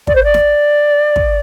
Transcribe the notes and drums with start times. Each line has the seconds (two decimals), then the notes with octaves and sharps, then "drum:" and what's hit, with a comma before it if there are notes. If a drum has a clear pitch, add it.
0.07 D5, drum: kick
0.15 C5
0.24 D5
0.34 drum: snare
1.16 drum: kick